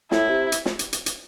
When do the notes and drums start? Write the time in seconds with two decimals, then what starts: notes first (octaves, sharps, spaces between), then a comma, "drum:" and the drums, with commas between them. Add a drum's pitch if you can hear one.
0.11 A2 E4, drum: snare
0.29 C3
0.52 drum: hi-hat
0.66 drum: snare
0.79 drum: hi-hat
0.93 drum: hi-hat
1.06 drum: hi-hat